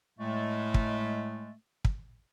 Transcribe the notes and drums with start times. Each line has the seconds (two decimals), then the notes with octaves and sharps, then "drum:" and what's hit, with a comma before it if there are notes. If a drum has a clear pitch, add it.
0.19 A2 G#3 A3
0.74 drum: kick
1.85 drum: kick